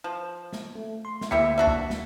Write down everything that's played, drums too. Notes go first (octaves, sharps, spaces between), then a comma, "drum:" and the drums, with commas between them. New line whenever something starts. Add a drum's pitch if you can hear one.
F3
drum: snare
A3
C6
drum: snare
D2 A#3 E4 G4 E5 C#7
D4 F#4 E5
drum: kick
drum: snare